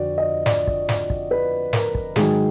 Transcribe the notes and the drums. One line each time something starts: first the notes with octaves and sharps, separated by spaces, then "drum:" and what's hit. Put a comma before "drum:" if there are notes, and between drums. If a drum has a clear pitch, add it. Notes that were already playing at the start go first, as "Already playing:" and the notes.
Already playing: F2 D3 F#4 D5
D#5
D5, drum: snare
drum: kick
drum: snare
drum: kick
B4
A#4, drum: snare
drum: kick
G#2 D#3 F#3 G#4, drum: snare